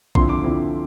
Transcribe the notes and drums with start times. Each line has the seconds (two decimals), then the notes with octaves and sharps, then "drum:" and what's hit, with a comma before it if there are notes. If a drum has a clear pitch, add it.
0.15 D3 F3 C4 E4 C6, drum: kick A#1
0.29 D6
0.44 D3 F3 C4 E4